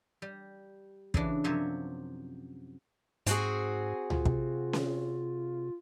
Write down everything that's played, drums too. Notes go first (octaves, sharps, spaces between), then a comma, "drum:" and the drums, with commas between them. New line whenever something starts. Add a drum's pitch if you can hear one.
G3
C#3 E3 D4, drum: kick
F#2 C3 F3 C#5 E5
G#2 C4 F#4 G#4, drum: hi-hat
F4, drum: tom C#2
C3, drum: kick
drum: snare C#4